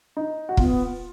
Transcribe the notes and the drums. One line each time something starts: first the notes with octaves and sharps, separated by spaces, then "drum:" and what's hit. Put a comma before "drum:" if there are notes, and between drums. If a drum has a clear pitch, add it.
D#4
F#4
B3 F4, drum: kick